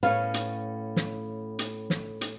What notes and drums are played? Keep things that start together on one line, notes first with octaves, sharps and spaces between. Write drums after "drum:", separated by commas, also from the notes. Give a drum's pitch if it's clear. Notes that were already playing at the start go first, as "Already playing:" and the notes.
A2 C#4 B4 F5
drum: hi-hat
drum: snare
drum: hi-hat
drum: snare
drum: hi-hat